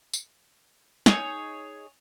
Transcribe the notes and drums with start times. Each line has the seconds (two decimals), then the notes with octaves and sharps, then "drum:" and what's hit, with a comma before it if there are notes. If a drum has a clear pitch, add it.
0.13 drum: tambourine
1.06 D#4 G#4 C#5, drum: snare